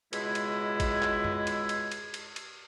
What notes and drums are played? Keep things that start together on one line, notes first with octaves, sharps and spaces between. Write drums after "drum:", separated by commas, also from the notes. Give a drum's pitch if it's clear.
C#2 B2 G#3 E4, drum: cymbal
drum: cymbal
drum: kick A1, cymbal
drum: clap
drum: tom F#2
drum: cymbal
drum: cymbal
drum: cymbal
drum: cymbal
drum: cymbal